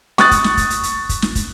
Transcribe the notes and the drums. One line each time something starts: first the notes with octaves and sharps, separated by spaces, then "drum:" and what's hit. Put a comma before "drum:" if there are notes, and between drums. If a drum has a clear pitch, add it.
C#6 D#6 F#6 A6, drum: snare
drum: kick, hi-hat
drum: snare
drum: kick, hi-hat
drum: hi-hat
drum: hi-hat
drum: kick, hi-hat
drum: snare
drum: kick, hi-hat